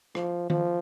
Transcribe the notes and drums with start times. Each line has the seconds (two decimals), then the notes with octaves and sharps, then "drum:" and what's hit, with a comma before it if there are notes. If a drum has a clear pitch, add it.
0.15 F3, drum: rim click
0.50 F3, drum: tom D#3